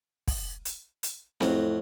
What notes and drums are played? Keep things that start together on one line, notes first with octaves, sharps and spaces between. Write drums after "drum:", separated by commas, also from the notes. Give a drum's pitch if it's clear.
drum: kick, open hi-hat
drum: hi-hat
drum: hi-hat
F2 A2 F#3, drum: snare C4